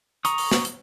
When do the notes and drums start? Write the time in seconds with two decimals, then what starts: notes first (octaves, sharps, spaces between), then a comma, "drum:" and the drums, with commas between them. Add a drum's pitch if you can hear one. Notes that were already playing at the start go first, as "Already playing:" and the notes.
0.25 A#5 C#6 D#6, drum: hi-hat
0.38 drum: open hi-hat
0.52 drum: snare
0.65 drum: hi-hat